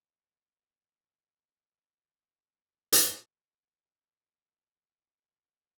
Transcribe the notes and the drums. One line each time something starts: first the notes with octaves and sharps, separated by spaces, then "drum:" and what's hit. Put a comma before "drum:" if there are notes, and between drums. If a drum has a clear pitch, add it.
G2
D#2
E2
E2
G#2
F3
A1
G#2
F#3
A2
D4
drum: hi-hat
G3
C#7
D#7
D6
E4